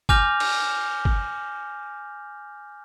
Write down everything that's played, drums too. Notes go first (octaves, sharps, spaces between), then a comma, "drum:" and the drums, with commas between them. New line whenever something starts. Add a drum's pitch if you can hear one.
G#5 D6 F6 G6 A#6 F7, drum: kick
drum: cymbal
drum: kick